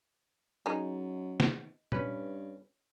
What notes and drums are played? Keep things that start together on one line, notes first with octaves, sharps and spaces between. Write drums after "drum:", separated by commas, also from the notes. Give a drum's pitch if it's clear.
F#2 G#3 D#4
drum: snare
G2 C#4 B4, drum: tom A#2